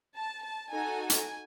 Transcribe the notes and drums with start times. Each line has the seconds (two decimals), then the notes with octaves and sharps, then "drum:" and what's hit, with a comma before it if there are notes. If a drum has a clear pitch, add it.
0.15 A5
0.44 A5
0.72 D#4 F#4 A4 G#5
1.10 drum: hi-hat